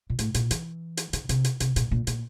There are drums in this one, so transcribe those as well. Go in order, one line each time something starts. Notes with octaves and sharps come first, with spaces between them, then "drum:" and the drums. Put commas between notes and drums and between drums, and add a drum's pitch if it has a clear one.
A#2
A2, drum: hi-hat
A#2, drum: hi-hat
E3, drum: hi-hat
drum: hi-hat
C#3, drum: hi-hat
C3, drum: hi-hat
drum: hi-hat
C3, drum: hi-hat
A#2, drum: hi-hat
A#2
A#2, drum: hi-hat